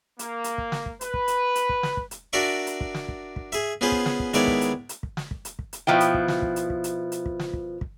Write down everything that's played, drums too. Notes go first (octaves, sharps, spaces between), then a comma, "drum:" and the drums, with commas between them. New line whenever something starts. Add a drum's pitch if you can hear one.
A#3, drum: hi-hat
drum: hi-hat
drum: kick
drum: snare
drum: kick
B4, drum: hi-hat
drum: kick
drum: hi-hat
drum: hi-hat
drum: kick
drum: snare
drum: kick
drum: hi-hat
D4 F#4 A#4 D5 E5 C#6
drum: hi-hat
drum: kick
drum: snare
drum: kick
drum: kick
G#4 E5, drum: hi-hat
B3 C#4 F4 G#4 B4 C5
drum: kick
drum: snare
drum: kick
D#3 G#3 B3 E4 C#5 D5, drum: hi-hat
drum: kick
drum: hi-hat
drum: hi-hat
drum: kick
drum: snare
drum: kick
drum: hi-hat
drum: kick
drum: hi-hat
B2 F3 E4 G5
drum: hi-hat
drum: kick
drum: snare
drum: kick
drum: hi-hat
drum: kick
drum: hi-hat
drum: hi-hat
drum: kick
drum: snare
drum: kick
drum: kick